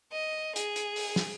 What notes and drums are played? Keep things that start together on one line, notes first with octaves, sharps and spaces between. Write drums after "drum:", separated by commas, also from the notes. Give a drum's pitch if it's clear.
D#5
G#4, drum: hi-hat
drum: hi-hat
drum: open hi-hat
drum: snare